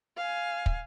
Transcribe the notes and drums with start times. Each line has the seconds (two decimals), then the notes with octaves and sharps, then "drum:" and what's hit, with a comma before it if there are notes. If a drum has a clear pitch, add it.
0.17 F5 G#5
0.66 drum: kick